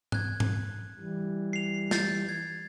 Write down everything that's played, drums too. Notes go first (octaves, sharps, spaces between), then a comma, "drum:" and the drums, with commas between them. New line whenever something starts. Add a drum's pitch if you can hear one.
F#6 G#6, drum: tom G#2
drum: tom G#2
E3 G3
C7 F7
G6 A6 C7, drum: snare
G#6